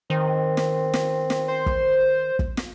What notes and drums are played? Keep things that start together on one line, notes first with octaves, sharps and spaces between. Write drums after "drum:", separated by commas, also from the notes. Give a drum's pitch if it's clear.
D#3 C4
drum: snare
drum: snare
drum: snare
C5
drum: kick
drum: kick
drum: snare